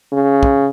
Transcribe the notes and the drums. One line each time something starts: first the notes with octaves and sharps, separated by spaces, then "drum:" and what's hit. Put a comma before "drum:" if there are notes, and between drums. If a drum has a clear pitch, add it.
C#3
drum: kick